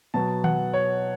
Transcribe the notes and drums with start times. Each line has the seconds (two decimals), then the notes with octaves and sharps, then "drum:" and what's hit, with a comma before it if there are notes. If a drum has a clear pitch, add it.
0.14 B2 F#3 B3 A5
0.44 F#5, drum: tom D#3
0.74 C#5